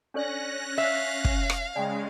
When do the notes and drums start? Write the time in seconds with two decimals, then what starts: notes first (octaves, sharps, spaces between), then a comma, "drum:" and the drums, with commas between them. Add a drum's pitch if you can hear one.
0.14 C#4 D4 A4 D5 F#6 A#6
0.78 E5 F5
1.25 drum: kick
1.50 drum: rim click
1.76 C#3 G#3 D5 G5 G#5